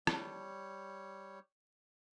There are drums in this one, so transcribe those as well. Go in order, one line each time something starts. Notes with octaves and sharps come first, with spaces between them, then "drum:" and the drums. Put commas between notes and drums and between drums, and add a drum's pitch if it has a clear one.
G3 C#5, drum: rim click